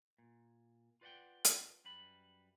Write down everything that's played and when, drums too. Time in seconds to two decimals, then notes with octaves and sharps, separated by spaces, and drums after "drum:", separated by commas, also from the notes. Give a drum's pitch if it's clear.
0.18 A#2
1.01 F4 B4 D5 D#5 F#5 G5
1.44 drum: hi-hat
1.85 F#2 G3 B4 B5